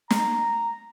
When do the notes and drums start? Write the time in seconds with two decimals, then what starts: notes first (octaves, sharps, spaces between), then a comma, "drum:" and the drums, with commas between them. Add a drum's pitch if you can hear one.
0.10 A#5, drum: snare